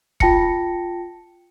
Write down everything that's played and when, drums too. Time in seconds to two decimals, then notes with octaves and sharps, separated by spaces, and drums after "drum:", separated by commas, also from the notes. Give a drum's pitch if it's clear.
0.20 F4 G5 A5 A#6 C#7, drum: kick